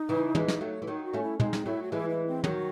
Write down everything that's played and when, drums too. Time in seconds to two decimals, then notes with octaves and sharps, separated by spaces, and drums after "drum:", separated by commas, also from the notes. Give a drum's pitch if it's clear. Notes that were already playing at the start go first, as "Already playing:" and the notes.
Already playing: D#4
0.09 C#3 E3
0.35 E3 G#3, drum: tom
0.48 drum: snare
0.61 F#3 A3
0.82 E3
0.87 D#3 F#3 D#4
1.05 F#4
1.13 A3 C#4
1.22 E4
1.40 G#3 C4 D#4, drum: tom
1.53 drum: snare
1.66 F#3 A3 E4
1.83 F#4
1.92 E3 G#3 E4
2.09 E4
2.27 C4
2.44 D#3 F#3 F#4 G#4, drum: tom